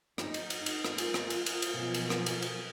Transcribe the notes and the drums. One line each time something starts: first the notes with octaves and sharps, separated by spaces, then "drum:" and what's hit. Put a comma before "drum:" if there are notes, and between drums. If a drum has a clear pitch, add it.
D#4, drum: rim click
drum: cymbal
drum: cymbal
drum: cymbal
G#3 F4 A#4 G#5, drum: rim click
drum: cymbal
drum: rim click
drum: cymbal
drum: cymbal
drum: cymbal
B2 F3 F#3
drum: cymbal
drum: rim click
drum: cymbal
drum: cymbal